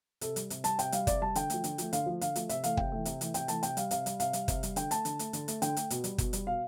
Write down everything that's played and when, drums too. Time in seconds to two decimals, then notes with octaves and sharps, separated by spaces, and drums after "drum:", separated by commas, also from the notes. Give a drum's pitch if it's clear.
0.21 C3 A4, drum: hi-hat
0.36 G3, drum: hi-hat
0.50 C3, drum: hi-hat
0.64 G3 A5, drum: hi-hat
0.79 C3 G5, drum: hi-hat
0.92 G3 F5, drum: hi-hat
1.07 C3 D5, drum: kick, hi-hat
1.21 G3 A5
1.35 D3 G5, drum: hi-hat
1.50 F3 A3, drum: hi-hat
1.64 D3, drum: hi-hat
1.78 F3 A3, drum: hi-hat
1.93 D3 F5, drum: hi-hat
2.06 F3 A3
2.21 D3 F5, drum: hi-hat
2.36 F3 A3, drum: hi-hat
2.49 C3 E5, drum: hi-hat
2.64 E3 A3 F5, drum: hi-hat
2.77 C3 G5, drum: kick
2.92 E3 A3
3.05 C3, drum: hi-hat
3.21 E3 A3, drum: hi-hat
3.34 C3 G5, drum: hi-hat
3.48 E3 A3 A5, drum: hi-hat
3.63 C3 G5, drum: hi-hat
3.77 G3 F5, drum: hi-hat
3.91 C3 F5, drum: hi-hat
4.06 G3, drum: hi-hat
4.20 C3 F5, drum: hi-hat
4.33 G3, drum: hi-hat
4.48 C3, drum: kick, hi-hat
4.63 G3, drum: hi-hat
4.76 D3 G5, drum: hi-hat
4.91 A3 A5, drum: hi-hat
5.05 D3, drum: hi-hat
5.19 A3, drum: hi-hat
5.33 D3, drum: hi-hat
5.48 A3, drum: hi-hat
5.62 D3 G5, drum: hi-hat
5.77 A3, drum: hi-hat
5.90 B2, drum: hi-hat
6.04 G3, drum: hi-hat
6.18 B2, drum: kick, hi-hat
6.33 G3, drum: hi-hat
6.47 B2 F5